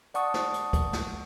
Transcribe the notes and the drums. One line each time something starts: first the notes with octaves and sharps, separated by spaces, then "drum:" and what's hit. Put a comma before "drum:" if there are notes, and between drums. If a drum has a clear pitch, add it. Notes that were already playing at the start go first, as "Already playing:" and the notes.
D5 F#5 A5 C#6 D#6, drum: hi-hat
drum: snare
drum: hi-hat
drum: kick, hi-hat
drum: snare